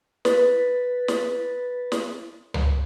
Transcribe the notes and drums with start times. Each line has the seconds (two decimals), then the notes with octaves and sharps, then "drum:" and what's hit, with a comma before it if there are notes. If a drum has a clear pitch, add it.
0.25 B4 A6 B6, drum: snare
1.08 drum: snare
1.92 drum: snare
2.54 drum: tom C#2